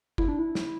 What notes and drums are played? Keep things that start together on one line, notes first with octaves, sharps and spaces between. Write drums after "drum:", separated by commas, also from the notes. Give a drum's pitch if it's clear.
E4, drum: kick G1
D4
E4
drum: snare